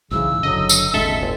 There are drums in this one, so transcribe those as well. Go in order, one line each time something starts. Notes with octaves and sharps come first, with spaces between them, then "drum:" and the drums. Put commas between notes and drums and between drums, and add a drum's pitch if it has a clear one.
B1 G#2 C#3 E3 E6
F#1 D3 F#3 D#5
drum: tambourine
D#1 G#1 D3 G#3 A4 E5
G1